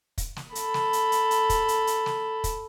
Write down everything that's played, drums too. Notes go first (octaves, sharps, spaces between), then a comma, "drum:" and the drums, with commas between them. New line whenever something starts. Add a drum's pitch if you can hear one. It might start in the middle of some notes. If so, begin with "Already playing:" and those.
drum: kick, hi-hat
drum: snare
A4 B5, drum: hi-hat
drum: snare
drum: hi-hat
drum: hi-hat
drum: hi-hat
drum: kick, hi-hat
drum: hi-hat
drum: hi-hat
drum: snare
drum: kick, hi-hat